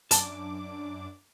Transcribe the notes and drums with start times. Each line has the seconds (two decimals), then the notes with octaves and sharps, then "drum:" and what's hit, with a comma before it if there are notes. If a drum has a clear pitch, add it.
0.11 F#2 D4 A5 D6, drum: hi-hat